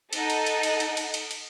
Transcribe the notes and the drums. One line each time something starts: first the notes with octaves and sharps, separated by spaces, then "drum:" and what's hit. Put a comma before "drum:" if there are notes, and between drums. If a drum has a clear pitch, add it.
D#4 A4 D#5 F#5, drum: cymbal
drum: cymbal
drum: cymbal
drum: cymbal
drum: cymbal
drum: cymbal
drum: cymbal
drum: cymbal